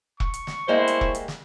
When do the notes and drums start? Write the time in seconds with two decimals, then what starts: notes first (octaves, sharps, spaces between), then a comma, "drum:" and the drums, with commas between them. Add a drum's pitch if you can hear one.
0.20 C#6, drum: kick E1
0.34 drum: hi-hat
0.47 drum: snare
0.68 G3 G#3 A#3 E4 C5
0.88 drum: hi-hat
1.01 drum: kick E1
1.15 drum: hi-hat
1.28 drum: snare